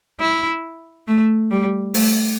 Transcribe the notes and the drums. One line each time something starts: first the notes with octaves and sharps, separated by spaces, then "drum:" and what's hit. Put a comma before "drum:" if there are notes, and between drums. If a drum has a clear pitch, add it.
E4
A3
G3
A3, drum: open hi-hat